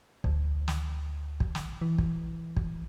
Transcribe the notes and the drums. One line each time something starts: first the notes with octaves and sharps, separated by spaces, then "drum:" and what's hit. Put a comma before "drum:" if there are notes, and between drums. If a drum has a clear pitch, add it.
D2, drum: kick
drum: snare
drum: kick
drum: snare
E3
drum: kick
drum: kick